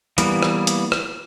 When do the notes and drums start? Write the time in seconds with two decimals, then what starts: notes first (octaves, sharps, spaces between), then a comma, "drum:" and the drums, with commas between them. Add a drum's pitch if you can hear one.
0.18 E3 G3 A#3 B3, drum: hi-hat
0.43 drum: rim click
0.67 drum: hi-hat
0.92 drum: rim click